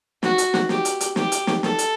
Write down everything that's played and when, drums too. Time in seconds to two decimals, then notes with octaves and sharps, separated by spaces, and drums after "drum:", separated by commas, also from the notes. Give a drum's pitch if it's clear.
0.23 F#4, drum: snare
0.38 drum: hi-hat
0.54 drum: snare
0.69 G4, drum: snare
0.85 drum: hi-hat
1.01 drum: hi-hat
1.16 G4, drum: snare
1.32 drum: hi-hat
1.47 drum: snare
1.63 A4, drum: snare
1.78 drum: hi-hat